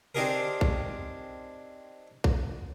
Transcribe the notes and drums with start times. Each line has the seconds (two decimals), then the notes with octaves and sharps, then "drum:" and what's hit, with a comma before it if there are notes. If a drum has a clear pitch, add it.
0.15 C4 D4 D#4 G4 G#4 A#4
0.61 drum: kick
2.24 drum: kick